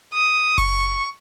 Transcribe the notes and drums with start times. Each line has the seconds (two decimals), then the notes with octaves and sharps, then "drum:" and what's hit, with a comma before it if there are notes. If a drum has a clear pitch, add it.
0.14 D#6
0.58 C#6, drum: kick F#1, open hi-hat